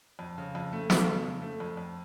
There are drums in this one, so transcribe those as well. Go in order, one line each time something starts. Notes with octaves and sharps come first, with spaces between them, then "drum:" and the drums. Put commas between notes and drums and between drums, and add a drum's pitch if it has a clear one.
F2
C#3
F2
A3
A3, drum: snare
C#3
F2
A3
F2
F2